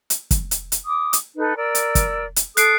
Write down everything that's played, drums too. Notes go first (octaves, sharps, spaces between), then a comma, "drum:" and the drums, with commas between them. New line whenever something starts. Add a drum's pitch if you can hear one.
drum: hi-hat
drum: kick, hi-hat
drum: hi-hat
drum: hi-hat
D6 D#6
drum: hi-hat
D#4 A4 B4
A#4 D5 E6
drum: hi-hat
drum: kick, hi-hat
drum: hi-hat
A4 D#6 F#6 C7 D7, drum: hi-hat